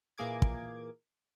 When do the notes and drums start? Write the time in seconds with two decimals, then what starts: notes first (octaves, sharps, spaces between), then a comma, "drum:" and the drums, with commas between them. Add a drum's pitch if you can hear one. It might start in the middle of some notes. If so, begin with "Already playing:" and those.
0.18 A#2 E3 A#3 G#4 D6 G#6
0.42 drum: kick